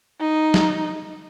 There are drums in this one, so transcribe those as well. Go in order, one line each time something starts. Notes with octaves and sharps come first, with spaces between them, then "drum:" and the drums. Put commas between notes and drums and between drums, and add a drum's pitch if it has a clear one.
D#4
drum: snare